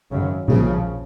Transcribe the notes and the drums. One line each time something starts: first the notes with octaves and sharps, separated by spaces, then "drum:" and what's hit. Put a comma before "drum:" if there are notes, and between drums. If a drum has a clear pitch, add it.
G#1 F#2 C#3
A#1 A#2 C#3 F3, drum: tom B2